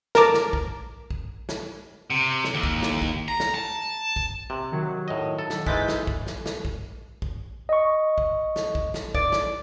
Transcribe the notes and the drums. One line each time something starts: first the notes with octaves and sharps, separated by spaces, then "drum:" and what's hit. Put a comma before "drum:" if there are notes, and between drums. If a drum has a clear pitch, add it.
A#4 A5 D6, drum: snare
drum: snare
drum: kick
drum: kick
drum: snare
C3
drum: snare
D#2
drum: kick
drum: snare
drum: kick
A#5
drum: snare
A5
drum: kick
C3
D#3 F#3
A2 D#5
A4
drum: snare
G#2 E3 G#3 G6 A6 B6, drum: kick
drum: snare
drum: kick
drum: snare
drum: snare
drum: kick
drum: kick
D#5 C#6
drum: kick
drum: snare
drum: kick
drum: snare
D5, drum: kick
drum: snare